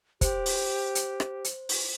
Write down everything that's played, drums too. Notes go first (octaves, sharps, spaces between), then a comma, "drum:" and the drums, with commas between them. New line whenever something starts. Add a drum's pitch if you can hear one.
G4 C5, drum: kick, hi-hat
drum: open hi-hat
drum: hi-hat
drum: rim click
drum: hi-hat
drum: open hi-hat